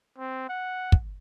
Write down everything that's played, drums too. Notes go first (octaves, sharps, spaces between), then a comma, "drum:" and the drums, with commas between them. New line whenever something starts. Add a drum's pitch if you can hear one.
C4
F#5
drum: kick